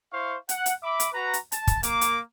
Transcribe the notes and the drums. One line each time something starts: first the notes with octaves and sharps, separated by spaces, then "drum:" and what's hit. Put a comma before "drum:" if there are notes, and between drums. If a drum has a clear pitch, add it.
E4 C5 F5 C#6
F#5, drum: hi-hat
drum: hi-hat
E5 B5 D6
drum: hi-hat
F#4 B4 A#5
drum: hi-hat
A5, drum: hi-hat
drum: kick, hi-hat
A#3 D6, drum: hi-hat
drum: hi-hat